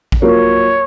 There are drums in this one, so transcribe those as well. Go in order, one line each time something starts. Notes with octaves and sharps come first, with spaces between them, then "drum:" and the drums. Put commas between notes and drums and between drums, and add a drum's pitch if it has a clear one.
drum: kick A#1
F3 F#3 A#3 C#5